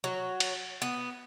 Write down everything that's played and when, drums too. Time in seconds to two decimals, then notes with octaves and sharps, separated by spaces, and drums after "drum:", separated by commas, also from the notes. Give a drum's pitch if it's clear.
0.04 F#3
0.40 drum: cymbal
0.82 B3